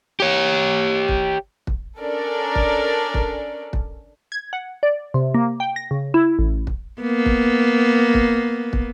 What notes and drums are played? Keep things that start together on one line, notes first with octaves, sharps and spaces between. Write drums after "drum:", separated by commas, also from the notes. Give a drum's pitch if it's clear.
G4 C#5
drum: kick
drum: kick
C#4 D4 A4 A#4 D5
drum: kick
drum: kick
drum: kick
G#6
F#5
D5
C3
A#3
G5
A#6
C#3
E4
A1
drum: kick
A#3 B3
drum: kick
drum: kick
drum: kick